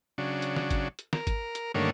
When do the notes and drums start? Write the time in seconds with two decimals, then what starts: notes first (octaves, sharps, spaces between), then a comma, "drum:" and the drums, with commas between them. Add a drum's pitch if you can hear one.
0.18 C#3 F#3 D4
0.42 drum: hi-hat
0.56 drum: snare
0.71 drum: kick, hi-hat
0.99 drum: hi-hat
1.13 A#4, drum: snare
1.27 drum: kick, hi-hat
1.55 drum: hi-hat
1.75 G2 D3 D#3 A3 A#3 C#5